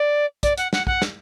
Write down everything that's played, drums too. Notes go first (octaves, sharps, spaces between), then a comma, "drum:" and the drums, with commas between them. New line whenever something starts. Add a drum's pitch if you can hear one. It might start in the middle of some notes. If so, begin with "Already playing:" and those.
Already playing: D5
D5, drum: kick, hi-hat
F#5, drum: hi-hat
F#5, drum: snare
F#5, drum: kick
drum: snare